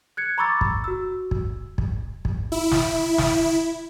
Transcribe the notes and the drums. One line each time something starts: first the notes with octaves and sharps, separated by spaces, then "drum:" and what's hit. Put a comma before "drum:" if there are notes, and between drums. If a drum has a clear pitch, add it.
F#6 G#6 C#7
A#5 B5 C#6 D6 E6 A6
drum: kick
F#4 E6
drum: kick
drum: kick
drum: kick
E4
drum: snare
drum: snare